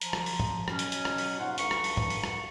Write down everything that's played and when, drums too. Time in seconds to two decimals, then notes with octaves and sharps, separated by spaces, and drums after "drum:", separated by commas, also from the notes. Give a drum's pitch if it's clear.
0.01 F3 A#5, drum: hi-hat
0.13 drum: rim click
0.26 drum: open hi-hat
0.39 drum: tom
0.68 B2 F#3 C#4, drum: rim click
0.79 drum: hi-hat
0.92 drum: hi-hat
1.05 drum: rim click
1.18 drum: open hi-hat
1.38 D#2 G#2 C#4 F4 F5 F#5
1.58 C2 G2 D3 A#5 C#6, drum: hi-hat
1.71 drum: rim click
1.84 drum: open hi-hat
1.97 drum: tom
2.10 drum: open hi-hat
2.24 drum: rim click